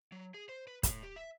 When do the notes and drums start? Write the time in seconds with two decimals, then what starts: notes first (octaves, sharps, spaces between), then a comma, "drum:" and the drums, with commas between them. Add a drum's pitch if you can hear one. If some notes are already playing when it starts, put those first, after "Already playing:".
0.12 F#3
0.34 G#4
0.49 C5
0.67 B4
0.83 A2, drum: kick, hi-hat
1.03 G4
1.16 E5